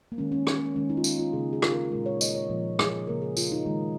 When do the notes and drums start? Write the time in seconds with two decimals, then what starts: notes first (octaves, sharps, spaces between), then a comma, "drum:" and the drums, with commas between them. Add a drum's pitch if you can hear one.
0.12 A#3
0.18 D#3 G#3 C#4
0.32 C#4
0.47 drum: rim click
0.76 D#3 G#3 C#4
0.90 D#4
0.97 F4
1.04 D#4, drum: tambourine
1.19 F4
1.33 C#3 A#3 G#4
1.53 G#4
1.62 F4, drum: rim click
1.71 A#4
1.77 G#4
1.91 A#2 G#3 A#4
2.06 C#5
2.21 D#5, drum: tambourine
2.35 C#5
2.50 A#2 F3 A#3
2.79 G#4, drum: rim click
3.07 C#3 A#3 A#4
3.22 G#4
3.37 F4, drum: tambourine
3.52 D#4
3.66 D#3 G#3